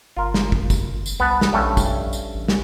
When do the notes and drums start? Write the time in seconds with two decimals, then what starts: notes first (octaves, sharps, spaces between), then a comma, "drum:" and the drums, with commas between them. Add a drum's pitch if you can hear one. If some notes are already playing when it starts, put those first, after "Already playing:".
0.17 G1 F4 A#4
0.34 drum: snare
0.52 drum: kick
0.70 drum: kick, tambourine
1.06 drum: tambourine
1.20 C2 B3 B4 A5
1.41 drum: snare
1.53 A#1 G2 A3 C#4
1.77 drum: kick, tambourine
2.13 drum: tambourine
2.34 A1
2.48 drum: snare